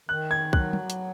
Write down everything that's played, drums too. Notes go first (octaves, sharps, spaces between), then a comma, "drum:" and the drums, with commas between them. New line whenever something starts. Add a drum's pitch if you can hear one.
D#3 F#6
G#6
F#3 F#6, drum: kick
drum: tom F#3
drum: hi-hat